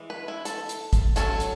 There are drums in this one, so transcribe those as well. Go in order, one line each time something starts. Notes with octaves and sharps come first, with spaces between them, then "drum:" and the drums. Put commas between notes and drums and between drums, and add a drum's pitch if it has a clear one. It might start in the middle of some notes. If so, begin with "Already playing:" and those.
Already playing: E3 G#3
B4
E4
A4, drum: hi-hat
drum: hi-hat
drum: kick, hi-hat
F#3 C#4 A4, drum: hi-hat
drum: hi-hat